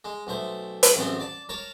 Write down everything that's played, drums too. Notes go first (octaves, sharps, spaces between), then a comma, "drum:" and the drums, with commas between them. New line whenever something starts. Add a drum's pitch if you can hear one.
G#3
B1 A3 C5
drum: hi-hat
A1 F#2 A3 C4 G#4 C6
D5 A5
A#4 C#5 A5